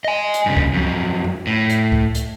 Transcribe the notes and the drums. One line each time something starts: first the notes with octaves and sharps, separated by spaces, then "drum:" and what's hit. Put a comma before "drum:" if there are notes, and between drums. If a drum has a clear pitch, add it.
D#5 G#5
drum: hi-hat
G2 C#3
drum: kick C#2
F2 F#3
drum: tom F2
A2
drum: hi-hat
drum: kick C#2
drum: hi-hat